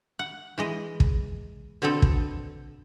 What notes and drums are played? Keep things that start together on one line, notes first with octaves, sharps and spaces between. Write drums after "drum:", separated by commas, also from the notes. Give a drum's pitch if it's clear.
F#5
E3 G#3 D#5
drum: kick
B2 D3 B3 C4 A4
drum: kick